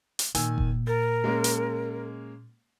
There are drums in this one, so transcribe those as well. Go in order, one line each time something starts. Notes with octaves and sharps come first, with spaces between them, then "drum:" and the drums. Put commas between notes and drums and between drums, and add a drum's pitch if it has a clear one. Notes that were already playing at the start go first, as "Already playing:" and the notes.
drum: hi-hat
A#2 D#3 G#5 E6, drum: hi-hat
drum: kick F1
A#4 A6
G#3 A#3 C#4
drum: hi-hat